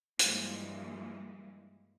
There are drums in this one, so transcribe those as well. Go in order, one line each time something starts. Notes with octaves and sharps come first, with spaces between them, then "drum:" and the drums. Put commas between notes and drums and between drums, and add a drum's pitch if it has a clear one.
G2 E3 F3 G3 G#3 A#3, drum: hi-hat